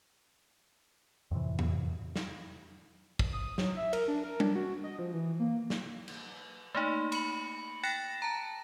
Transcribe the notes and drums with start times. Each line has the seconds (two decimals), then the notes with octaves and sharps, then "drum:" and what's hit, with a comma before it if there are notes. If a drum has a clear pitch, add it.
1.31 F2 A2 C3 E3
1.59 drum: tom E2
2.16 drum: snare
3.19 drum: kick
3.33 D#6
3.58 F#3, drum: snare
3.76 E5
3.93 A#4, drum: cymbal
4.08 D4
4.24 A#4
4.40 D4, drum: tom G3
4.55 F#4
4.84 D#5
4.99 F3
5.14 E3
5.40 A#3
5.70 drum: snare
6.08 drum: cymbal
6.75 A3 A#3 D#4
7.12 B5 C#7 F#7, drum: cymbal
7.83 G5 F#6 A6 A#6 C#7 E7
8.22 A5 A#5